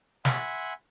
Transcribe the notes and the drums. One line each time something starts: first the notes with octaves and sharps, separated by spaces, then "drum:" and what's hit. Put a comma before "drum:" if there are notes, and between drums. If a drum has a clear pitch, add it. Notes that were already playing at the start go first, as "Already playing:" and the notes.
E5 F#5 G#5 B5 C6, drum: snare